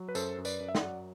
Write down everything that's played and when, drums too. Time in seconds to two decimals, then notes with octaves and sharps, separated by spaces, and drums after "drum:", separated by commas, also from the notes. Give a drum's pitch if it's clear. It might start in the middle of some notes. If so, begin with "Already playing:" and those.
Already playing: F#3
0.09 B4
0.15 F#2 A4 C5, drum: tambourine
0.38 F#2
0.45 B4 D5, drum: tambourine
0.60 F#2
0.68 E5
0.75 D5 F#5, drum: snare
0.83 F#3